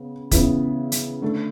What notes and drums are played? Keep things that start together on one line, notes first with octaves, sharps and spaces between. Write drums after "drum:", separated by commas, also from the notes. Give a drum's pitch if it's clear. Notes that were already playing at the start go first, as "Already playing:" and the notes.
Already playing: C#3 B3
C#3 E3 B3 E4, drum: kick, hi-hat
drum: hi-hat
D3 A3 D4 A4